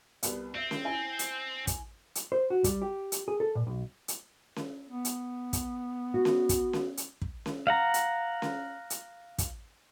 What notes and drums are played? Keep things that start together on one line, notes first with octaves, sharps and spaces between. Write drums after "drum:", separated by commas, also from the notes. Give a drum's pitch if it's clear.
C2 B3, drum: hi-hat
C4 E5
drum: snare C#4
E4 G#5
drum: hi-hat
drum: kick, hi-hat
drum: hi-hat
C5
F#4
G3, drum: kick, hi-hat
G4
drum: hi-hat
G#4
A4
A#2
B1
drum: hi-hat
drum: snare C#4
B3
drum: hi-hat
drum: kick, hi-hat
F#4
drum: snare C#4
drum: kick, hi-hat
drum: snare C#4
drum: hi-hat
drum: kick
drum: snare C#4
F5 F#5 A#5
drum: hi-hat
drum: snare C#4
drum: hi-hat
drum: kick, hi-hat